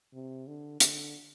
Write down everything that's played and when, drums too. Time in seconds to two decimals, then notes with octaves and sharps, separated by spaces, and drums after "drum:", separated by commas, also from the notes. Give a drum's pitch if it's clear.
0.13 C3
0.47 D3
0.80 D3, drum: hi-hat